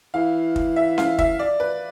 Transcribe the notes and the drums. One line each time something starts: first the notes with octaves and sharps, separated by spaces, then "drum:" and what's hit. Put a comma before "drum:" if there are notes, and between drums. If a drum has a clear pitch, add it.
E3 F5
drum: kick
E5
F5, drum: snare C#4
E5, drum: kick
D5
B4